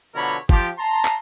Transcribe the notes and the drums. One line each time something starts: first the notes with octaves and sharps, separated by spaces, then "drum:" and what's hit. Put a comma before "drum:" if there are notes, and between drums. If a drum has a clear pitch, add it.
B2 D3 F3 A#4 C#5 B5
F3 G4, drum: kick
A5 A#5 C6
drum: clap